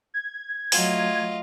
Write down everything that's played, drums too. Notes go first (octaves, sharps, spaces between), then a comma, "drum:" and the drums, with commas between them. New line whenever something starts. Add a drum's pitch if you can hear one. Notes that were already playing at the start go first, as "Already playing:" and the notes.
G#6
F#3 A3 F4 D#5, drum: open hi-hat